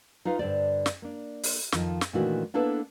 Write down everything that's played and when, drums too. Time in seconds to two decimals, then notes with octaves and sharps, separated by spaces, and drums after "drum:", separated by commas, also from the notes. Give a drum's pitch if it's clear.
0.25 D#4 F4 B4 F5
0.39 G2 D3 C5 D5
0.86 drum: snare
1.02 A#3 D4
1.43 drum: open hi-hat
1.72 F2 D#3 F3 D#5, drum: snare
2.01 drum: snare
2.13 A#2 D#3 E3 A3 D4 F#4
2.54 A#3 B3 D4 E4 A4 B4